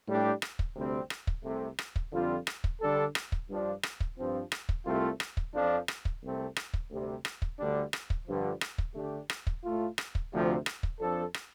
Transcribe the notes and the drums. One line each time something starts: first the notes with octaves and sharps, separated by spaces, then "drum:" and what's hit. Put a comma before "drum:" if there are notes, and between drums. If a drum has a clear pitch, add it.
A2 G3 D4 G4
drum: rim click
drum: kick
D2 C3 G3 C4
drum: rim click
drum: kick
C2 C3 A3
drum: rim click
drum: kick
F2 D3 G3 C4 F4
drum: rim click
drum: kick
D3 G3 D4 A4
drum: rim click
drum: kick
G2 F3 D4
drum: rim click
drum: kick
G2 F3 C4
drum: rim click
drum: kick
C2 C3 A3 C4 F4
drum: rim click
drum: kick
F2 F3 D4
drum: rim click
drum: kick
C2 C3 A3 C4
drum: rim click
drum: kick
D2 C3 G3
drum: rim click
drum: kick
D2 D3 G3 D4
drum: rim click
drum: kick
G2 D3 F3
drum: rim click
drum: kick
D3 A3 D4 G4
drum: rim click
drum: kick
A2 A3 F4
drum: rim click
drum: kick
D2 C3 F3
drum: rim click
drum: kick
F2 F3 D4 A4
drum: rim click